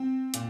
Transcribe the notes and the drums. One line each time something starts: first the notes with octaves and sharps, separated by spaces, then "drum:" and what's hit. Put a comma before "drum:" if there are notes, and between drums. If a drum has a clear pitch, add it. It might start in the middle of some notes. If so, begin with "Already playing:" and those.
Already playing: C4
A#2, drum: hi-hat